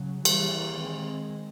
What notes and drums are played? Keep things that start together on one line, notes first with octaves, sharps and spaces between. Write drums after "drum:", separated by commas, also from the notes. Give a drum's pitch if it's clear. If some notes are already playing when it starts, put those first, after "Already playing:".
Already playing: C#3 F#3
E3 G3 A#3, drum: cymbal
D#3 G#3 C4